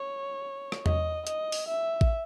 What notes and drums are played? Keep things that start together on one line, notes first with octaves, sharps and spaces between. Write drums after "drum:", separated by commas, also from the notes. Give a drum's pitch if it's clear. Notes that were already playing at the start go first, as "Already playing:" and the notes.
Already playing: C#5
drum: rim click
D#5, drum: tom E2
D#5, drum: hi-hat
drum: open hi-hat
E5
drum: kick A1